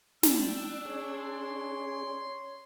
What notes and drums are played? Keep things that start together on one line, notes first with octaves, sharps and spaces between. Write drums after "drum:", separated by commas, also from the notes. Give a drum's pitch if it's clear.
D4 G5 E6, drum: snare
C#4 G#4 C#5 D5
C6